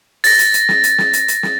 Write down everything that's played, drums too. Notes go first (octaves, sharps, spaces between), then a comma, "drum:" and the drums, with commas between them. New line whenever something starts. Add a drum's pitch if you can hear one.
A6 A#6, drum: open hi-hat
drum: hi-hat
drum: hi-hat
drum: snare
drum: hi-hat
drum: snare
drum: hi-hat
drum: hi-hat
drum: snare